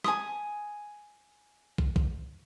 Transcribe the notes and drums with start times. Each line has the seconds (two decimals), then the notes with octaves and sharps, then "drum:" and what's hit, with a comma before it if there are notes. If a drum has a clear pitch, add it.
0.04 G#5 D#6, drum: rim click
1.78 drum: kick
1.96 drum: kick